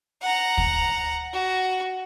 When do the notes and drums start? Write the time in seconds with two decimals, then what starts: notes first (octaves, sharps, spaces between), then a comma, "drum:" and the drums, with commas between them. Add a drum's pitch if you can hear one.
0.22 F#5 A#5
0.58 drum: kick
1.33 F#4